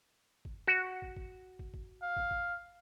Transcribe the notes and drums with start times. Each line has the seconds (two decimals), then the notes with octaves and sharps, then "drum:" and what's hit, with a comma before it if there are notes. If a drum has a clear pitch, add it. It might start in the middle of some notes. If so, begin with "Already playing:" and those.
0.45 drum: kick
0.67 F#4
1.02 drum: kick
1.16 drum: kick
1.59 drum: kick
1.74 drum: kick
2.02 F5
2.17 drum: kick
2.31 drum: kick